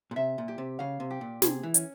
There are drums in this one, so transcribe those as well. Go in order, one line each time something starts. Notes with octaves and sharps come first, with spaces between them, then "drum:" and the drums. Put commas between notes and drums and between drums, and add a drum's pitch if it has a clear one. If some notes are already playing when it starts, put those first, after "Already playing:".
A#2
C3 E5
A#2
G4
C3
C#3 F5
C3
G4
A#2
C3 G#4, drum: snare
E3
C#4, drum: hi-hat